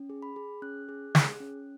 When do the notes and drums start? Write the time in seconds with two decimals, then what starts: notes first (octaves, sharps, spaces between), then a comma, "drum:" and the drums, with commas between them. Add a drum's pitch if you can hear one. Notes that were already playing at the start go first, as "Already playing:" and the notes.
Already playing: C#4
0.10 G#4
0.22 B5
0.36 G#4
0.62 C#4 F#6
0.89 G#4
1.15 G#4, drum: snare
1.40 C#4